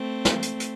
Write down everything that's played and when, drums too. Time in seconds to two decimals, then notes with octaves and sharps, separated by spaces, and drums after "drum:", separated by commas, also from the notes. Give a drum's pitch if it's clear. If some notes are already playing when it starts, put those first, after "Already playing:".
Already playing: A3 C4
0.25 drum: snare
0.42 drum: hi-hat
0.60 drum: hi-hat